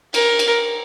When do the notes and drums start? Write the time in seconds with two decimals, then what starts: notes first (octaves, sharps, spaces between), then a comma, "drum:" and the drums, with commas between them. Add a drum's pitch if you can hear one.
0.14 A#4, drum: cymbal
0.39 drum: cymbal